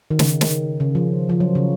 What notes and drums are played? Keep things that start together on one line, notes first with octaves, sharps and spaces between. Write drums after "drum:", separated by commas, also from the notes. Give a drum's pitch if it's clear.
D#3
C#3, drum: snare
drum: snare
C#3
F3
F3
F#3
C#3